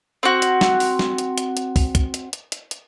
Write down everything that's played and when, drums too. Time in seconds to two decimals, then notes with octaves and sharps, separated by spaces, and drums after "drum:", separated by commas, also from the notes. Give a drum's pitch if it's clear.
0.23 C4 F#4
0.42 drum: hi-hat
0.61 drum: snare
0.80 drum: open hi-hat
0.99 drum: snare
1.18 drum: hi-hat
1.38 drum: hi-hat
1.57 drum: hi-hat
1.76 drum: kick, open hi-hat
1.95 drum: kick, hi-hat
2.14 drum: hi-hat
2.33 drum: hi-hat
2.52 drum: hi-hat
2.71 drum: hi-hat